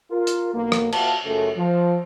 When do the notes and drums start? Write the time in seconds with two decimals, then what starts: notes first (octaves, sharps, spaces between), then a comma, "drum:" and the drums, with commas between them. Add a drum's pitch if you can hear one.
0.11 F4 A#4
0.27 drum: hi-hat
0.53 B1 A#3
0.72 drum: rim click
0.92 A#2 F#4 E5 F5 A5, drum: cymbal
1.24 C#2 F#2 A3
1.56 F3